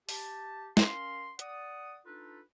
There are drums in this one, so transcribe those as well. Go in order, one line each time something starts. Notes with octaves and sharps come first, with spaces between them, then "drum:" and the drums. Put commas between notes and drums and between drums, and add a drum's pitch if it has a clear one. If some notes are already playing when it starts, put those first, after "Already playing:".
G4 A5, drum: open hi-hat
C#4 A#4 F5 C6, drum: snare
D5 F#5 D#6, drum: hi-hat
D4 D#4 F4 A4 B4